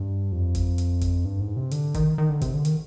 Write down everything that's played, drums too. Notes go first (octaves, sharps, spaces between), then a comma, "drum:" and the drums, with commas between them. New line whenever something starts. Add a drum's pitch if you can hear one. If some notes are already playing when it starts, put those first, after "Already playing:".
Already playing: G2
F2
drum: kick G1, hi-hat
drum: hi-hat
drum: kick G1, hi-hat
G2
G#2
C3
D3, drum: hi-hat
D#3, drum: kick G1, hi-hat
D#3
D3
C3, drum: kick G1, hi-hat
D3
D#3, drum: hi-hat